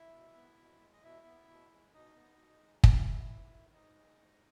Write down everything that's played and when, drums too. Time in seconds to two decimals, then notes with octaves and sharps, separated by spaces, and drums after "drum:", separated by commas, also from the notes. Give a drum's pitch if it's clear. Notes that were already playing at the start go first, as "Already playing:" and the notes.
Already playing: E4 E5
0.13 B2
0.36 B3
0.58 B2
0.81 G#3
0.93 D#5
1.03 B2 E4 E5
1.26 B3
1.48 B2
1.71 G#3
1.93 B2 D#4 D#5
2.16 B3
2.39 B2
2.61 G#3
2.84 G#2 E4 E5, drum: kick
3.06 G#3
3.29 G#2
3.51 D#3
3.74 G#2 D#4 D#5
3.96 G#3
4.19 G#2